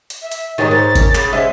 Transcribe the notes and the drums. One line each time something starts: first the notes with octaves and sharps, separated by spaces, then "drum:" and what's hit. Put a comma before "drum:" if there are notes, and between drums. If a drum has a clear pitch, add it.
drum: hi-hat
E5
drum: hi-hat
G#2 D#3 G4 G#4 C#5 D#5 A6
G#2 C5
A#4, drum: kick G1, hi-hat
C#3 B5, drum: clap
G#3 C#4 C5 E5